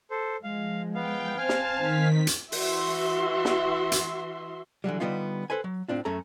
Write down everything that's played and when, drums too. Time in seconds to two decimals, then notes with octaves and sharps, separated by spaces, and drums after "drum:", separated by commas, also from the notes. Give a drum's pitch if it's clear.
0.11 A4 C5
0.43 F3 G#3 F5
0.95 B3 F5 G5
1.38 C4 C5 F5 G#5 A5 F6
1.49 drum: snare
1.76 D#3 B6
2.27 drum: hi-hat
2.52 E3 F#4 E5 C6, drum: open hi-hat
3.45 drum: snare
3.92 drum: hi-hat
4.84 D3 E3 F#3 G3
5.00 D3 D#3 G3 B3 D#4 F4
5.50 A4 B4 C5 G#5
5.64 F#3
5.88 A2 C4 D4 F4
6.05 F#2 A3 C#4 A4 A#5